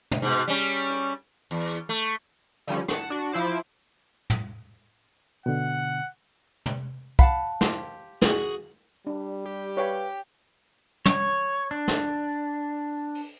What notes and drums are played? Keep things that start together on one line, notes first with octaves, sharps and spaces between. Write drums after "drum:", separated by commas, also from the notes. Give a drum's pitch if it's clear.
drum: tom
G#2 B2
G3 C#4
drum: hi-hat
E2
A3
D3 F3 G3 C#4, drum: hi-hat
F#5 A5, drum: rim click
D4 F#4
F3 E4 C5 D6
drum: tom
B2 D3 F#5
drum: tom
F5 F#5 A5 B5, drum: kick
G4 C5, drum: snare
F#4 G#4, drum: snare
G3 D4
G4
B4 C#5 F5 G5
C#5, drum: tom
D4
drum: snare
drum: open hi-hat